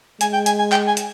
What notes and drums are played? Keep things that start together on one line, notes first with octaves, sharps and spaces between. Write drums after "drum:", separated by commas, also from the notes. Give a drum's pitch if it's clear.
G#3 G#5, drum: hi-hat
G5
G#5, drum: hi-hat
G#5
G5, drum: clap
G#5
drum: hi-hat